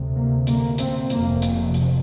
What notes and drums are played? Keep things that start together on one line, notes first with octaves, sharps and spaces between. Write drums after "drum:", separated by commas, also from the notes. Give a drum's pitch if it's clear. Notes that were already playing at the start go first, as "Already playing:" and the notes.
Already playing: D2 C3
A#3
A#3, drum: hi-hat
C4, drum: hi-hat
F1 F2 C3 A#3, drum: hi-hat
drum: hi-hat
drum: hi-hat